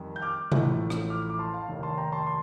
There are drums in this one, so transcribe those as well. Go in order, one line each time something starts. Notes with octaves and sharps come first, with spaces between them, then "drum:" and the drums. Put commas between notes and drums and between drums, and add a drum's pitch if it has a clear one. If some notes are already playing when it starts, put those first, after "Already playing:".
Already playing: F2 D#3 G3
G6
D6 F6
A1 A2 F3 A3, drum: tom C3
drum: rim click
D6 F6
D6
A5 C6
F5 A5
F1 D#2 D#3
A5 C6
G5 A#5
A5 C6
A5 C6